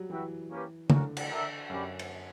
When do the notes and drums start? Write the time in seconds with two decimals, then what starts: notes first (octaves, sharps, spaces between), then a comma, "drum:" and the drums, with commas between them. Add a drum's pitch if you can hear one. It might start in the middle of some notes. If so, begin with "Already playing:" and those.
Already playing: F#3 G3
0.09 E3 F#4 B4 E5 G5
0.50 A#3 C#4 G4 B4
0.90 D3 C#4 F#4 A#4, drum: tom C#3
1.17 drum: cymbal
1.29 D4 A#4 E5
1.70 F#2 C#4 G4 B4 D5
1.99 drum: cymbal